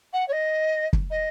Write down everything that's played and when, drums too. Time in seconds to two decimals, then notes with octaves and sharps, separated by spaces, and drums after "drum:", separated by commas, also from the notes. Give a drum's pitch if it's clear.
0.13 F#5
0.28 C#5
0.32 D#5
0.93 drum: kick
1.10 D#5